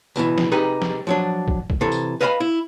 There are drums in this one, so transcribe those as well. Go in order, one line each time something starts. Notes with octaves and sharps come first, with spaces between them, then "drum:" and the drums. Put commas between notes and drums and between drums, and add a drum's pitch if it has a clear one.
C#2 B2 D#3 E3, drum: tambourine
drum: snare
C3 D#4 G4 G#4 B4
drum: snare
F3 F#3 D4
drum: kick
drum: kick
C3 E3 A4
drum: tambourine
B4 D#5 F5 G#5 A#5 B5
E4